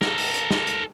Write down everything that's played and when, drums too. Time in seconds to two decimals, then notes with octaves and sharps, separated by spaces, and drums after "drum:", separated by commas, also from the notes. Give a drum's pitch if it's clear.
0.01 A4 A#4, drum: snare
0.18 drum: open hi-hat
0.34 drum: hi-hat
0.51 drum: snare
0.67 drum: hi-hat